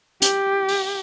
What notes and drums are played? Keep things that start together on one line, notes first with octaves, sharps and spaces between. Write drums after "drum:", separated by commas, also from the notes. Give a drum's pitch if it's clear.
G4, drum: hi-hat
drum: open hi-hat